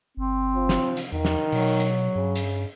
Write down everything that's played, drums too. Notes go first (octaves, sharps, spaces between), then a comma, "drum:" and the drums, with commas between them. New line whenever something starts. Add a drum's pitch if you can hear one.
G1 C4
F3
drum: snare
drum: hi-hat
E2 D#3
drum: snare
B2 F#3, drum: open hi-hat
drum: hi-hat
G2 C#3
drum: hi-hat